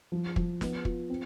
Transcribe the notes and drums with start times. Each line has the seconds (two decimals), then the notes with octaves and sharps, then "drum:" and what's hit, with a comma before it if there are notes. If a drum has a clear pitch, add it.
0.12 F3
0.36 F3, drum: kick
0.61 B3, drum: snare
0.85 F4, drum: kick
1.10 C4